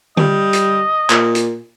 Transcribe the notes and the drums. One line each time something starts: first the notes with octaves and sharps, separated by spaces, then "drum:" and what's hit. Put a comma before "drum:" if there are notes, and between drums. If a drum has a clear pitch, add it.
G3 D#5, drum: tom D3
drum: hi-hat
A#2, drum: clap
drum: hi-hat